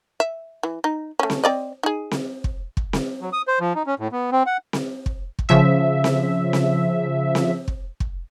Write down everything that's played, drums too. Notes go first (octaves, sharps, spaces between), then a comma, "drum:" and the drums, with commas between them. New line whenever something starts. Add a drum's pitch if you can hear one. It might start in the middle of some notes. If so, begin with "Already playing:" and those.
E5
E3
D#4
A3 C#4
drum: snare C4
C4 D5 D#5
D#4 G#4
drum: snare C4
drum: kick
drum: kick
drum: snare C4
F#3
D#6
C5
F3
D#4
C#4
A2
B3
C4
F#5
drum: snare C4
drum: kick
drum: kick
C#3 F3 E5
drum: snare C4
drum: snare C4
drum: snare C4
drum: kick
drum: kick